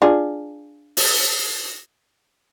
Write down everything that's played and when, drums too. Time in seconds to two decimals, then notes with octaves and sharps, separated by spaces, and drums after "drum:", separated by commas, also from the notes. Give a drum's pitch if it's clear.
0.02 D4 F4 G#4
0.97 drum: open hi-hat